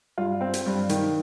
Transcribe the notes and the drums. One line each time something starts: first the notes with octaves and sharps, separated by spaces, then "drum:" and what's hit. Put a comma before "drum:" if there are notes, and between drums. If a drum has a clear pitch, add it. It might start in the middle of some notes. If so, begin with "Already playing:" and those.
G2 F4
C4
drum: hi-hat
G2
D#3, drum: hi-hat